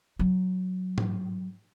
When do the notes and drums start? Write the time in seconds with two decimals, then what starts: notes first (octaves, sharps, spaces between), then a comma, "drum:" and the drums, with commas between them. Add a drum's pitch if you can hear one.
0.19 F#3
0.98 drum: tom G#2